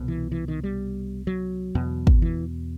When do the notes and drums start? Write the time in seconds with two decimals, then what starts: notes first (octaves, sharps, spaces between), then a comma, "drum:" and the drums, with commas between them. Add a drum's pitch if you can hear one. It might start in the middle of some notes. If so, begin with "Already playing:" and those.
Already playing: C2 B2
0.08 E3
0.32 E3
0.48 D#3
0.63 G3
1.27 F#3
1.75 E2 B2
2.07 drum: kick
2.22 E3